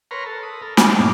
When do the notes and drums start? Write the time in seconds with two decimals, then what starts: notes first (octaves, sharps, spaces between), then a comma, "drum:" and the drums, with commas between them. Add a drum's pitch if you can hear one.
0.11 A#4 B4 C#5 A#5 C6
0.26 A4
0.43 B5 D#6
0.61 A4 A#4
0.77 D5 D#5 A5 C6, drum: snare
0.99 G2 A#2 C#4 D5 D#5